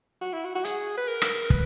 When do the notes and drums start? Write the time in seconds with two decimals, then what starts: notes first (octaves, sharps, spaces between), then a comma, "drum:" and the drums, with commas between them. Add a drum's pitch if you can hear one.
0.21 F#4
0.33 E4
0.45 F#4
0.55 F#4
0.65 G#4, drum: hi-hat
0.98 B4
1.08 A#4
1.22 drum: rim click
1.50 B4, drum: kick